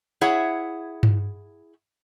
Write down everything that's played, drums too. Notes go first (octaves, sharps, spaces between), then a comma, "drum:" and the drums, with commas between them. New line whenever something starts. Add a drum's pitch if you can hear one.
E4 G#4 C#5 E5 F#5
drum: tom G2